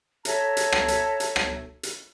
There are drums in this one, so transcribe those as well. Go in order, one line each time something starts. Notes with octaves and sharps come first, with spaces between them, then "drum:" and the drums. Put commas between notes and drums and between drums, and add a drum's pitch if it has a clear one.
A4 C#5 E5 A#5, drum: hi-hat
drum: hi-hat
drum: rim click
drum: hi-hat
drum: hi-hat
drum: rim click
drum: hi-hat